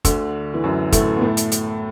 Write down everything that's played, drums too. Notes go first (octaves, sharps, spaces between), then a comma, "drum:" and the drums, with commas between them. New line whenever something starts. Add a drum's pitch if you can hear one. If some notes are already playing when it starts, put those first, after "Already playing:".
D2 D3, drum: kick, hi-hat
E3
F#2 F#3
A2 A3, drum: kick, hi-hat
B3
A2 A3
drum: hi-hat
drum: hi-hat